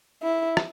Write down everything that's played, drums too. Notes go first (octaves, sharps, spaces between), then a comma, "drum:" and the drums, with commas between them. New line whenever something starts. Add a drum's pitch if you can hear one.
E4
drum: rim click